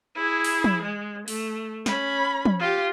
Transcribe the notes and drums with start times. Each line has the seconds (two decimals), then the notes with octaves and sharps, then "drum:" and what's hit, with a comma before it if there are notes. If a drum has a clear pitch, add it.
0.16 E4 G#4
0.44 drum: open hi-hat
0.64 drum: tom
0.82 G#3
1.28 A3, drum: open hi-hat
1.86 C#4 B5, drum: snare
2.45 drum: tom
2.59 F4 G4